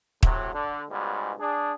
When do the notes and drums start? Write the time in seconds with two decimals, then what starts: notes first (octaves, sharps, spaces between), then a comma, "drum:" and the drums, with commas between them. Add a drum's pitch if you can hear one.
0.23 A2 C3 F#3, drum: kick
0.54 D3
0.90 C#2 G#2 B2 G3
1.40 D4 G#4